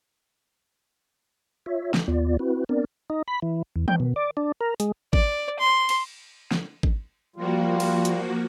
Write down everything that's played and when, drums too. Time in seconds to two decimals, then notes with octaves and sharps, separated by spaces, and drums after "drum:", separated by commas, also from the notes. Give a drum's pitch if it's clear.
1.66 F4 C#5 E5
1.94 drum: snare
2.08 D#2 B3 F4 D5
2.39 C4 E4 F#4 B4
2.69 B3 C4 D4 A#4 D5
3.10 D#4
3.28 B5
3.42 E3
3.76 E2
3.88 G5, drum: tom D#3
4.00 B2
4.16 D5
4.37 D4
4.61 A#4
4.80 G#3, drum: hi-hat
5.13 D5, drum: kick G#1
5.59 C6
5.89 drum: cymbal
6.51 drum: snare
6.83 drum: kick G#1
7.36 F3 G3 A#3 F4 F#4
7.80 drum: cymbal
8.05 drum: hi-hat